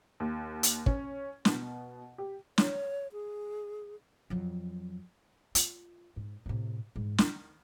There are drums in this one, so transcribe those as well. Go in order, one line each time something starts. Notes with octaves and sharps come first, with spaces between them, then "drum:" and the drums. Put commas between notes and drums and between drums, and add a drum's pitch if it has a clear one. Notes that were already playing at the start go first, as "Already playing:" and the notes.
D#2
drum: hi-hat
C#4, drum: kick
B2, drum: snare
G4
C#5, drum: snare
G#4
F2 F#3
F4, drum: hi-hat
G#2
A2 C3
G#2 E3
D#3, drum: snare